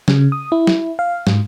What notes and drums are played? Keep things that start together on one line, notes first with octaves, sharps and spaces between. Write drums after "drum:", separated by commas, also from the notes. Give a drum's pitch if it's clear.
C#3, drum: snare
D#6
E4
drum: snare
F5
G#2, drum: snare